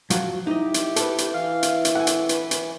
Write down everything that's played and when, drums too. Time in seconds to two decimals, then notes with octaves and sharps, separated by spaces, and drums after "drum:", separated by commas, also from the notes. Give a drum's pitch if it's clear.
0.10 F3 F#3 F#4, drum: hi-hat
0.47 D#4 E4 G4 D#5
0.74 drum: hi-hat
0.96 A4 B4, drum: hi-hat
1.18 drum: hi-hat
1.34 E3 F5
1.63 drum: hi-hat
1.85 drum: hi-hat
1.95 A4 F#5 G#5
2.07 drum: hi-hat
2.29 B4, drum: hi-hat
2.51 drum: hi-hat